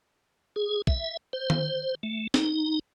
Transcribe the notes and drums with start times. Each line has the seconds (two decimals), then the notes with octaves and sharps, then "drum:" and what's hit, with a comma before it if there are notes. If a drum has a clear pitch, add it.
0.56 G#4
0.87 E5, drum: kick
1.33 C5
1.50 drum: tom D#3
2.03 A3
2.34 D#4, drum: snare